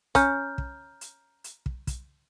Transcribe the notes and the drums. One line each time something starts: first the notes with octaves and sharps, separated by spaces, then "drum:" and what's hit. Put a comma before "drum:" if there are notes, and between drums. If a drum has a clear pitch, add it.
C#4 A#5 F6 G6, drum: kick, hi-hat
drum: kick
drum: hi-hat
drum: hi-hat
drum: kick
drum: kick, hi-hat